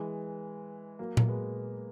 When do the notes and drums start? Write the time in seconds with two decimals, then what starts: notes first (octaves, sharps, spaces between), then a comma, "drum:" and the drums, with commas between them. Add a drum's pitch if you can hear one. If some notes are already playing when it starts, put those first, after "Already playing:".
Already playing: E3 G#3
0.99 F#3 A#3
1.17 drum: tom A#2
1.28 G#3 B3